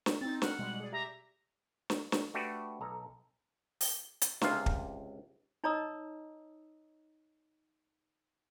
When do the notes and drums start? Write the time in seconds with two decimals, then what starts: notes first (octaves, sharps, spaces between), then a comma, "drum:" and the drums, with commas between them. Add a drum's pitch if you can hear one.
0.06 drum: snare
0.21 C4 D#4 A6
0.42 F#5 F6, drum: snare
0.59 B2 G3 G#3
0.80 G#4 D5
0.93 G4 E5 A#5
1.90 drum: snare
2.12 drum: snare
2.34 A3 D4 F#4 G4 A4 B4
2.81 B1 A4 A#5
3.81 drum: open hi-hat
4.21 drum: hi-hat
4.41 C#2 C3 F4 F5, drum: snare
4.66 drum: kick
5.64 D#4 C#5 D#5 A#5 D#6 E6